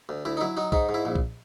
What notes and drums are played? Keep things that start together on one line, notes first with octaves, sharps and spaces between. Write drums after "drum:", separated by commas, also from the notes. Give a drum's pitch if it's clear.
D2
D2 E4
D#4
F#3 E4
F#3 D#4
G#2 D#4, drum: kick B1
G#2
E4
A#1
drum: kick B1